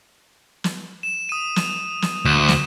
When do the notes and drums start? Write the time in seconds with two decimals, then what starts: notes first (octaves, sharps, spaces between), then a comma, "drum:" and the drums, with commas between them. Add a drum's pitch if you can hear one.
0.64 drum: snare
1.03 E7
1.29 D#6 D#7
1.56 drum: snare
2.02 drum: snare
2.25 D2 E7
2.48 drum: snare